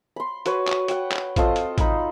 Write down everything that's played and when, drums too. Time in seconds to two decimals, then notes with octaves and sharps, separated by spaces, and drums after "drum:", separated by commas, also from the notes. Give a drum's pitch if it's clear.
0.16 B5 C6
0.46 F#4 B4 C#5, drum: hi-hat
0.68 drum: clap
0.88 F#5 G5, drum: hi-hat
1.12 drum: clap
1.36 C4 F4 A4 D#5, drum: kick, hi-hat
1.56 drum: hi-hat
1.78 D#4 B5, drum: kick, hi-hat